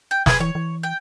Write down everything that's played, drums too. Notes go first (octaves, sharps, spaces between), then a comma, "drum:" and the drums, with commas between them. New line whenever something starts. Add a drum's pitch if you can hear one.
G5
G#4 B4 G#5, drum: snare
E3 C#5
E3
G5